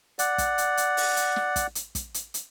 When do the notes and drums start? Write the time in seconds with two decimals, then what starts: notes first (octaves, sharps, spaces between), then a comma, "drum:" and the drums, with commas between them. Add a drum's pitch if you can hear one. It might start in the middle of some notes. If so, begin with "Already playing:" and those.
0.19 D5 F#5, drum: hi-hat
0.38 drum: kick, hi-hat
0.58 drum: hi-hat
0.77 drum: hi-hat
0.97 drum: open hi-hat
1.17 drum: hi-hat
1.36 drum: snare
1.56 drum: kick, hi-hat
1.75 drum: hi-hat
1.95 drum: kick, hi-hat
2.14 drum: hi-hat
2.34 drum: hi-hat